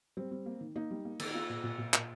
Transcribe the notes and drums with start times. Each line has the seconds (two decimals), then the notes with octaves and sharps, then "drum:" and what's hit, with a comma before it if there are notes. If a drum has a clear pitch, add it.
0.17 G3 C4
0.31 G3
0.46 A#3
0.61 D#3
0.76 A#3 D#4
0.91 G3
1.05 A#3
1.20 D#3, drum: cymbal
1.30 D#4
1.34 A#3 F4
1.49 A#2
1.64 A#2
1.78 A#2
1.93 A#2, drum: clap